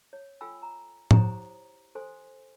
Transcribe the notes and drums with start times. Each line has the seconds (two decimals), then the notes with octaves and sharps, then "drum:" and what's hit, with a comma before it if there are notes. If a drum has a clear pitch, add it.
0.13 C#5
0.41 F4 A4 G5 G#5 B5 E6
0.62 A#5
1.11 E4 G4 C5 C#5 A#5 D#6, drum: tom A2
1.95 A4 C5 G#5 C6